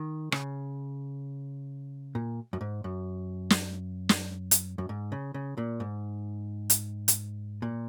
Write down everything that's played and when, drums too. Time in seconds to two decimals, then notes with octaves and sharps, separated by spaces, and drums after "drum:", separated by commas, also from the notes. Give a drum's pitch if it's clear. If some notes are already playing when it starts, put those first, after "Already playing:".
Already playing: D#3
0.32 C#3, drum: rim click
2.15 A#2
2.53 F#2
2.61 G#2
2.84 F#2
3.50 drum: snare
4.09 drum: snare
4.51 drum: hi-hat
4.78 F#2
4.89 G#2
5.12 C#3
5.34 C#3
5.58 A#2
5.80 G#2
6.70 drum: hi-hat
7.08 drum: hi-hat
7.62 A#2